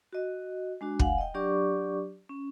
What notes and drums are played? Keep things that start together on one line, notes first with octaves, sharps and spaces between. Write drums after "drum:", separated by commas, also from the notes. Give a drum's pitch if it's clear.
F#4 D#5
G#3 D4 F#4
F5 F#5 G#5, drum: kick
D#5 G5
F#3 D4 G4 D5 C#6 D6
C#4